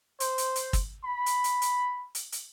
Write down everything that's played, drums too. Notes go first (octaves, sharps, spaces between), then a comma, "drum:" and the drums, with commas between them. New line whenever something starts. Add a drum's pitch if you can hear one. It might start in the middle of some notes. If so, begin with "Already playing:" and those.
C5, drum: hi-hat
drum: hi-hat
drum: hi-hat
drum: kick, hi-hat
B5
drum: hi-hat
drum: hi-hat
drum: hi-hat
drum: hi-hat
drum: hi-hat